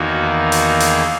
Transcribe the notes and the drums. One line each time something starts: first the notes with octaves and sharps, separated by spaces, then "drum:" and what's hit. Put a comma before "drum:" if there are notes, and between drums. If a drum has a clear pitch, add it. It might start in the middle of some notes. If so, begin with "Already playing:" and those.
Already playing: E2 D#3 A#3 F#4
F#4, drum: hi-hat
G#4, drum: hi-hat